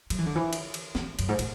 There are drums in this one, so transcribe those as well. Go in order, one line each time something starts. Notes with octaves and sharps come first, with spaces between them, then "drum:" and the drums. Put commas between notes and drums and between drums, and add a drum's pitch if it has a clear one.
F#3, drum: cymbal
E3
D3
E3
drum: cymbal
drum: cymbal
E3, drum: snare
F#2, drum: cymbal
G#2
A2, drum: cymbal